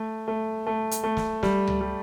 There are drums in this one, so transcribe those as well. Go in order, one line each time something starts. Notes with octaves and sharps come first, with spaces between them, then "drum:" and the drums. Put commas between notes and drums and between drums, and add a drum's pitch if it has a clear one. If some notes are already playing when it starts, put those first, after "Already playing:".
Already playing: A3
A3
A3
drum: hi-hat
A3
drum: snare
G3, drum: snare
drum: tom C#2
G3